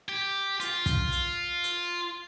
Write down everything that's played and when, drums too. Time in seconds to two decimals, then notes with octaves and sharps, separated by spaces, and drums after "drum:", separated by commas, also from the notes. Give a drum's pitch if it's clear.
0.09 G4
0.60 F4, drum: hi-hat
0.86 drum: kick, hi-hat
1.12 drum: hi-hat
1.63 drum: hi-hat